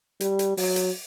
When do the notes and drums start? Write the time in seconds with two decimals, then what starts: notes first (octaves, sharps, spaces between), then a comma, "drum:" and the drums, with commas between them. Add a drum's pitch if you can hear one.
0.20 G3, drum: hi-hat
0.39 drum: hi-hat
0.57 F#3, drum: open hi-hat
0.76 drum: hi-hat